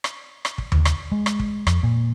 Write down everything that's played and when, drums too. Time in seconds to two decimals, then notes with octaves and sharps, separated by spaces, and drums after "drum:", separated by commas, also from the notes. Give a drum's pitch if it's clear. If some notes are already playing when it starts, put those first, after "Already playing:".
0.04 drum: rim click
0.45 drum: rim click
0.58 drum: kick
0.72 drum: tom D#2
0.85 drum: rim click
1.12 G#3
1.26 drum: rim click
1.40 drum: kick
1.67 F2, drum: rim click
1.83 A#2